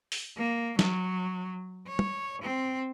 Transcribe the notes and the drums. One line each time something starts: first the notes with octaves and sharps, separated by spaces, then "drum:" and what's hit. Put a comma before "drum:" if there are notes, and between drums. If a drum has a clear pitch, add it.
drum: open hi-hat
A#3
F#3, drum: snare
C#5
drum: tom
C4